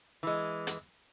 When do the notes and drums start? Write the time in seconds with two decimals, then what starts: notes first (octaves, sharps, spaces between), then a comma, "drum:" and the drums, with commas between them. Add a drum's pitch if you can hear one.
0.23 E3 G#3
0.67 drum: hi-hat